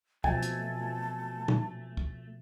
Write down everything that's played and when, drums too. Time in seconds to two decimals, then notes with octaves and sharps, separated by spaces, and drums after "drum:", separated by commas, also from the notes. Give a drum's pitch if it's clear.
0.24 B2 F3 A3 G#5 A5, drum: kick
0.42 drum: hi-hat
1.48 drum: tom
1.97 drum: kick